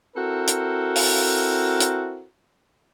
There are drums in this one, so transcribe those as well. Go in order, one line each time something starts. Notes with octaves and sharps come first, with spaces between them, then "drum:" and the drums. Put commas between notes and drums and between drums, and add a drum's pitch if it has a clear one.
C4 E4 F#4 A4 A#4
drum: hi-hat
drum: open hi-hat
drum: hi-hat